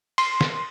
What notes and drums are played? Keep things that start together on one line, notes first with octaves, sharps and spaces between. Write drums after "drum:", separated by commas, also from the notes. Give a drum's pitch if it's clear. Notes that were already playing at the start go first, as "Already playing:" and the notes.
C6, drum: cymbal
drum: snare